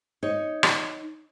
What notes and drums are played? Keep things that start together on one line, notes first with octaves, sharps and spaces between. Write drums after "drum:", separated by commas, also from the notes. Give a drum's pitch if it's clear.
D#4 C#5
drum: rim click